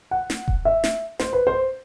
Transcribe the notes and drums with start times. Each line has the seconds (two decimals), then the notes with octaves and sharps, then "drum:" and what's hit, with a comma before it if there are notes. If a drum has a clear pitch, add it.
0.11 F#5
0.30 drum: snare
0.48 drum: kick E1
0.65 E5
0.84 drum: snare
1.19 C5, drum: snare
1.33 B4
1.47 C5